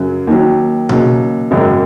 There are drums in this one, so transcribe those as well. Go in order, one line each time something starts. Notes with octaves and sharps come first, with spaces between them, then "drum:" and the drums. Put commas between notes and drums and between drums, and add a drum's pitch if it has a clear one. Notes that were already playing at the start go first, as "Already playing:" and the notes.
Already playing: F#2 C#3 F#3
D#2 D#3 F#3
D#2 C#3 F#3, drum: tom B2
G#1 F#2 C#3 F#3